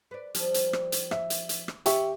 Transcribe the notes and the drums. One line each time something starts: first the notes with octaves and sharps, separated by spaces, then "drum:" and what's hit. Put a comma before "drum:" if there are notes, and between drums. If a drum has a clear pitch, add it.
B4 D5
F3 G3 C4, drum: hi-hat
drum: hi-hat
drum: rim click
drum: hi-hat
E5, drum: rim click
drum: hi-hat
drum: hi-hat
drum: rim click
D#2 C#4 G4 E5 C#6, drum: hi-hat